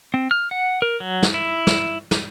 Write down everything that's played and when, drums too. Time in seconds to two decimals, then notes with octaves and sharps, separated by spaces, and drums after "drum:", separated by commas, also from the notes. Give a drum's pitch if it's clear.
0.14 C4
0.31 F6
0.51 F#5
0.82 A#4
1.00 F#3
1.23 drum: snare
1.34 E4
1.67 drum: snare
2.11 drum: snare